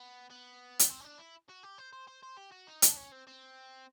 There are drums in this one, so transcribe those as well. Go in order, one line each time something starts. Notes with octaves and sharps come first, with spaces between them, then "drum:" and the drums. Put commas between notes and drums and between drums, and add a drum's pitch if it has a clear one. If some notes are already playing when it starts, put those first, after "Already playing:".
Already playing: B3
B3
drum: hi-hat
C4
C#4
D4
E4
F#4
G4
C5
C5
C5
C5
G4
F#4
D#4
D4, drum: hi-hat
C#4
C4
C4